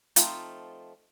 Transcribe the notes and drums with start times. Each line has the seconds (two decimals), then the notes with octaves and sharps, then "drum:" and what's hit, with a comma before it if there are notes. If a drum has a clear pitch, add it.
0.16 F3 A3 C4 D#4 F4, drum: hi-hat